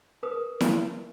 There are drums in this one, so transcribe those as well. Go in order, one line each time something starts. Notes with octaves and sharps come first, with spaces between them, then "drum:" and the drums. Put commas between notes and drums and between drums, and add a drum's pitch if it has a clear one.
G#4 A#4 B4 D#6
drum: snare E4